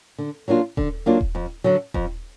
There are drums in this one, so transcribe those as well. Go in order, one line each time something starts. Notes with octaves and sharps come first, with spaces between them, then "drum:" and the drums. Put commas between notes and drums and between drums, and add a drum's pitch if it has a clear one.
D3
F#3 A#3 D4 F4
D3, drum: kick D#1
F#3 A#3 D4 F4
drum: kick D#1
F2
D3 F#3
F2, drum: kick D#1